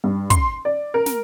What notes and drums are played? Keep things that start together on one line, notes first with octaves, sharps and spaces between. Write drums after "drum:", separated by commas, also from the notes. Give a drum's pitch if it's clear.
G2
C6, drum: kick, hi-hat
D5
A#4
drum: snare